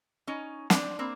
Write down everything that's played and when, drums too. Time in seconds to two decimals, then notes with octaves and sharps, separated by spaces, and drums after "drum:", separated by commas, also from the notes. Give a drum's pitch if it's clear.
0.27 C#4 D#4
0.70 C4 D4, drum: snare
0.99 A#3 C4